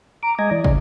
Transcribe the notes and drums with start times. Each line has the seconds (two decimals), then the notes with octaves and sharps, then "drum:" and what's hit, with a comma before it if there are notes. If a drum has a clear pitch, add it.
0.23 A#5 D6
0.39 G#3 D#5 G#5 A#5
0.51 E3 D5
0.64 C#3, drum: kick